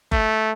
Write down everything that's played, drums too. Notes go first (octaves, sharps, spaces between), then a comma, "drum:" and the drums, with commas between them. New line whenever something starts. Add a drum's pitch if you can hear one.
A3, drum: kick F#1